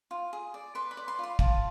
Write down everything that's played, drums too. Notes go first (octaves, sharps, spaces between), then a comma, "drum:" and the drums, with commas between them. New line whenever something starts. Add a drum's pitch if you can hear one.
F4
G#4
D5
B4 C6
B5
D5
C6
F4 C6
F4 A5, drum: kick